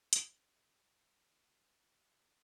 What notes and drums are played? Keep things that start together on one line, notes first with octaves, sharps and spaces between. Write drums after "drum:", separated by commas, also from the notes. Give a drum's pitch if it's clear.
A#1 A#2 F3 C#4, drum: hi-hat
G2 F3 A#3 C#4
G1 F2 C#3 F3
A1 G2 E3
F2 D3 G3
G1 F2 E3